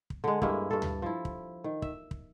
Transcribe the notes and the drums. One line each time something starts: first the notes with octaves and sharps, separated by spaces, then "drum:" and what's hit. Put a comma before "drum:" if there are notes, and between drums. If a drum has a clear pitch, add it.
drum: kick
D3 G#3
G2 G#3 A#3 E4, drum: kick
G2 A4
drum: tom D2
F3 E4
drum: kick
D#3
E5, drum: kick
drum: kick